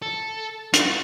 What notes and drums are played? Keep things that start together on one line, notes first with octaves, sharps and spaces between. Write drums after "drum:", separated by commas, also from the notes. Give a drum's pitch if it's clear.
A4
F4 F#4, drum: hi-hat